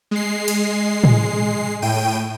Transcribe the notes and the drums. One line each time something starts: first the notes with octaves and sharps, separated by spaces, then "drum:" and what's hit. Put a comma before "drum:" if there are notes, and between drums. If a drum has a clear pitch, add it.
G#3 C7
drum: cymbal
drum: tom A2
A2 G5 D#7